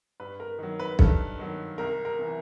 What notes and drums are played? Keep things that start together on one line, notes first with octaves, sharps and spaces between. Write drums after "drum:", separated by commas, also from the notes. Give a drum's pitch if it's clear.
G2 B4
A#4
D#3 F#3
B4
G2 A4, drum: kick
D#3 F#3
C2 A#4
A#4
C3 E3